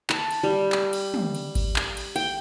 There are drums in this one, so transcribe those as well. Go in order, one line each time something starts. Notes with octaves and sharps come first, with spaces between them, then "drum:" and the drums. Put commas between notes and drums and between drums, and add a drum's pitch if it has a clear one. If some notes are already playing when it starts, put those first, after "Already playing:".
A5, drum: clap
drum: cymbal
G3
drum: clap
drum: cymbal
drum: tom
drum: cymbal
drum: kick G#1, cymbal
drum: clap
drum: cymbal
G5, drum: cymbal